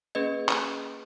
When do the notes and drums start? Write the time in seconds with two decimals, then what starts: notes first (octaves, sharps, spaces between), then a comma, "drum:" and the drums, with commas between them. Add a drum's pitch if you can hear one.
0.15 A#3 C#4 G#4 B4 D#5
0.49 drum: clap